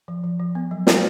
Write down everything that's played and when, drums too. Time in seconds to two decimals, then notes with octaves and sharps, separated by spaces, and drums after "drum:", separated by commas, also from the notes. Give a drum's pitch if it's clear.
0.08 F3
0.24 F3
0.40 F3
0.55 B3
0.71 F#3
0.87 F#4, drum: snare